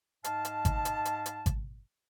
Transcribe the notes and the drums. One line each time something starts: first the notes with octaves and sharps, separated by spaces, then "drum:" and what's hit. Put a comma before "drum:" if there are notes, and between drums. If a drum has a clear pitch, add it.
G#2 D#5 F5 A5, drum: hi-hat
drum: hi-hat
drum: kick G#1, hi-hat
drum: hi-hat
drum: hi-hat
drum: hi-hat
drum: kick G#1, hi-hat